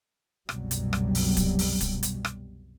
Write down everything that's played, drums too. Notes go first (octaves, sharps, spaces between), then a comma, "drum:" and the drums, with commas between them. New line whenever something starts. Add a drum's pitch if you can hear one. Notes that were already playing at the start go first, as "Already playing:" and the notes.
F#1 C2 B2 F#3 G3, drum: rim click
drum: hi-hat
drum: rim click
drum: open hi-hat
drum: kick D1, hi-hat
drum: open hi-hat
drum: kick D1, hi-hat
drum: hi-hat
drum: rim click